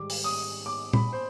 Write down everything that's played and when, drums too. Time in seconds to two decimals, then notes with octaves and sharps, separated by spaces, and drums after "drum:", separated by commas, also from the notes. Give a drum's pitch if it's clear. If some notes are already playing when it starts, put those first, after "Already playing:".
Already playing: G#2 D#3 G3 D6
0.10 drum: open hi-hat
0.24 D#6
0.66 D6
0.93 B5, drum: tom A#2
1.13 C5